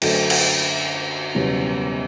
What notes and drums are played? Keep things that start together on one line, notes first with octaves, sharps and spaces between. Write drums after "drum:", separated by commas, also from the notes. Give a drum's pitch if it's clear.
F#2 D3 A3 A4, drum: cymbal
drum: cymbal
F#1 E2 B2 G3 C#4